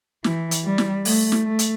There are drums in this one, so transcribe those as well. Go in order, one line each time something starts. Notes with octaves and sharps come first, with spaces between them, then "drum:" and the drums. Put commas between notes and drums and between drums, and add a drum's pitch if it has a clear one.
E3, drum: snare
drum: hi-hat
G3
drum: snare
A3, drum: open hi-hat
drum: snare
A3
drum: hi-hat